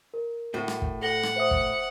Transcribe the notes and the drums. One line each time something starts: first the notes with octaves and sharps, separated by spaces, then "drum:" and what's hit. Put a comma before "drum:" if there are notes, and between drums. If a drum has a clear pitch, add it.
A#4
A2 F#4
drum: rim click
drum: kick
A4 F#5 A#6 G7
drum: rim click
C5 E5 D#6
drum: kick